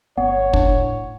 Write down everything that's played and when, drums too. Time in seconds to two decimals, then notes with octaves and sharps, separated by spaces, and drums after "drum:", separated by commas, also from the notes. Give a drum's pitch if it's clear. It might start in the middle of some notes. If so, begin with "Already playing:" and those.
0.18 G1 B3 C#5 F#5
0.53 A2 D4, drum: kick